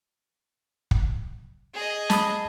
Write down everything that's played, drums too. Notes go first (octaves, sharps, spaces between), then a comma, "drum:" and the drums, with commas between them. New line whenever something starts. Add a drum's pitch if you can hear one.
drum: kick
G#4 D#5
A5 B5 D#6, drum: snare